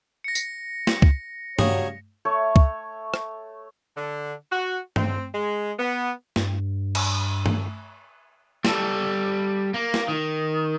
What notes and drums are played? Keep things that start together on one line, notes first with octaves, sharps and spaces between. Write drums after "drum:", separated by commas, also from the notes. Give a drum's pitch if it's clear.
A#6 C#7
drum: tambourine
drum: snare
drum: kick
C#3 F#3 G3 G#4 C#5, drum: tom G2
A3 C#5 C#6
drum: kick
drum: rim click
D3
F#4
C4, drum: tom G2
G#3
B3
G2, drum: snare
drum: cymbal
drum: tom G2
G3 A4, drum: snare
A#3
drum: snare
D#3